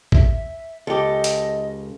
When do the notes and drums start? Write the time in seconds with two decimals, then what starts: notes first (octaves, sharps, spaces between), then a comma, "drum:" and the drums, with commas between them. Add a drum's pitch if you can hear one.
0.12 E5, drum: kick
0.87 C#2 G4 A4 D#5
1.24 drum: hi-hat